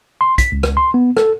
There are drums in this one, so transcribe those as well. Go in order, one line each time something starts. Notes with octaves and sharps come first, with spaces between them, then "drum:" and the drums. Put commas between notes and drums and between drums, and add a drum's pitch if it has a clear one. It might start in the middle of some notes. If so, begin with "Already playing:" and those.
C6
B6, drum: kick, hi-hat
C#2
drum: rim click
C6
B3
A4, drum: rim click